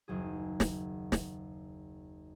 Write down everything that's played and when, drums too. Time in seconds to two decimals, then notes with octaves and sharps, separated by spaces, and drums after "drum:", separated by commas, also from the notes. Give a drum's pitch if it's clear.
0.08 F#1 D#2 F#3 G#4
0.60 drum: snare
1.12 drum: snare